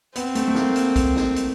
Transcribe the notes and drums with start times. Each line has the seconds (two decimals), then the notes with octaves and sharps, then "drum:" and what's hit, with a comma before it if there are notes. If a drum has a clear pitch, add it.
0.16 B3 C4, drum: hi-hat
0.35 A3, drum: hi-hat
0.48 A3
0.55 A#3, drum: snare
0.76 drum: hi-hat
0.96 drum: kick B1, hi-hat
1.16 drum: snare
1.36 drum: hi-hat